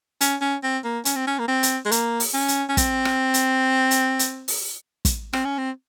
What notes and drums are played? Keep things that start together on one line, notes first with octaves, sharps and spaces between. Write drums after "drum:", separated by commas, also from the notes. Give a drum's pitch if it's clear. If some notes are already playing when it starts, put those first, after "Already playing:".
C#4, drum: hi-hat
C#4
C4
A#3
C#4, drum: hi-hat
C4
C#4
A#3
C4
drum: hi-hat
G#3
A#3, drum: hi-hat
drum: open hi-hat
C#4
drum: hi-hat
C#4
C4, drum: kick, hi-hat
drum: rim click
drum: hi-hat
drum: hi-hat
drum: hi-hat
drum: open hi-hat
drum: kick, hi-hat
C4, drum: rim click
C#4
C4